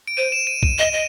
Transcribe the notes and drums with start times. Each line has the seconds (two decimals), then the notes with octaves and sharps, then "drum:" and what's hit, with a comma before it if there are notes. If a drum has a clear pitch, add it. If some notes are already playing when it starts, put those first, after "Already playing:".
0.07 D7
0.17 C5 D#7
0.32 E7
0.47 D#7
0.63 D#7, drum: kick B1
0.78 D#5 E7
0.93 D#5